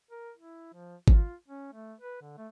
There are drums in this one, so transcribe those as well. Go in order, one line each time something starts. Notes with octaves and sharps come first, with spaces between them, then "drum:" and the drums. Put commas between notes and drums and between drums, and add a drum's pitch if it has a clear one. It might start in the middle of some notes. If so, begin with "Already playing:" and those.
A#4
E4
F3
F4, drum: kick G#1
C#4
A3
B4
D3
A3